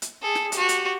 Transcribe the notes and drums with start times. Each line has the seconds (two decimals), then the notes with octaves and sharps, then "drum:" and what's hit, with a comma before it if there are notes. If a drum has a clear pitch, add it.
0.02 drum: hi-hat
0.22 G#4 A4
0.35 drum: snare
0.52 F#4 G4, drum: hi-hat
0.69 drum: hi-hat